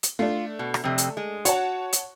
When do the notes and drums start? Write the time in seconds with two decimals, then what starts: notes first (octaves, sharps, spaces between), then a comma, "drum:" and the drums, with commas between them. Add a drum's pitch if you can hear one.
0.03 drum: hi-hat
0.19 A3 D4 F4
0.59 B2
0.74 drum: rim click
0.84 F2 C3
0.98 drum: hi-hat
1.17 G#3
1.45 F#4 C#5 F#5 A5, drum: hi-hat
1.93 drum: hi-hat